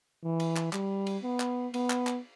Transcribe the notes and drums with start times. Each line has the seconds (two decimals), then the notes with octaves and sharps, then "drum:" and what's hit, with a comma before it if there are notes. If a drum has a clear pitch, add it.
0.24 E3
0.40 drum: cymbal
0.56 drum: clap
0.73 G3, drum: clap
1.07 drum: cymbal
1.23 B3
1.40 drum: clap
1.74 B3, drum: cymbal
1.90 drum: clap
2.07 drum: clap